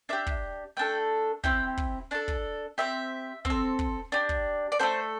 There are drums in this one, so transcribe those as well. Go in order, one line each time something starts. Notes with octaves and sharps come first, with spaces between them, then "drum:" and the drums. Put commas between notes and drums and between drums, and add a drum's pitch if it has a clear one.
D4 G4 E5
drum: kick
A3 D4 A4 G5
C4 E4 G4 G5, drum: kick
drum: kick
D4 A4 A5
drum: kick
C4 G4 E5
C4, drum: kick
A4
drum: kick
D4 G4
drum: kick
D5
A3 E4 A4 C5